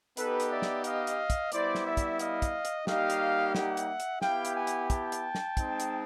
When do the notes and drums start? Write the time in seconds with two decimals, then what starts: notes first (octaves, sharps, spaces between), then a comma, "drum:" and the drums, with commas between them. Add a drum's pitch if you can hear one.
0.17 B3 D#4 G4 A4 B4, drum: hi-hat
0.40 drum: hi-hat
0.51 D5 E5
0.62 drum: snare
0.84 D#5 F5, drum: hi-hat
1.07 drum: hi-hat
1.30 drum: kick, hi-hat
1.52 G3 B3 E4 C5 D5, drum: hi-hat
1.75 drum: snare
1.85 D5 E5
1.97 drum: kick, hi-hat
2.19 D#5 F5, drum: hi-hat
2.42 drum: kick, hi-hat
2.65 drum: hi-hat
2.87 G3 A#3 D#4 G4 D#5 F5, drum: snare
3.10 drum: hi-hat
3.55 E5 F#5, drum: snare
3.77 drum: hi-hat
4.00 drum: hi-hat
4.22 B3 E4 G4 F5 G5, drum: snare
4.45 drum: hi-hat
4.56 F#5 G#5
4.67 drum: hi-hat
4.90 G5 A5, drum: kick, hi-hat
5.12 drum: hi-hat
5.35 drum: snare
5.57 G#3 C4 D#4, drum: kick, hi-hat
5.80 drum: hi-hat